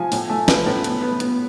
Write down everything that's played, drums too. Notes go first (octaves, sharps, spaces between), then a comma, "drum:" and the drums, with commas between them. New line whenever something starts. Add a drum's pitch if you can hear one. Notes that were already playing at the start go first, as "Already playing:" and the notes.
Already playing: F3 G#5
A2, drum: open hi-hat
A3
F3 B4, drum: snare
A2
B3, drum: hi-hat
B3
B3, drum: hi-hat